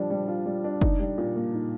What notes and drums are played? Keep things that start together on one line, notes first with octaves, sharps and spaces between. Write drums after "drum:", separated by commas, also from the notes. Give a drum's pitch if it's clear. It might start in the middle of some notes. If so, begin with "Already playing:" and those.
Already playing: F3 G3 D4
G3
F4
G3
D4
D#4, drum: kick
G3
A#2
A#3
D#4